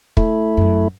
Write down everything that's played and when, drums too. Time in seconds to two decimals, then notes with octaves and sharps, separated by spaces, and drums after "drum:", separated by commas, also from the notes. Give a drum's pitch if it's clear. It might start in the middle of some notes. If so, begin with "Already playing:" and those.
0.17 A3 E4, drum: kick
0.57 G1 F#2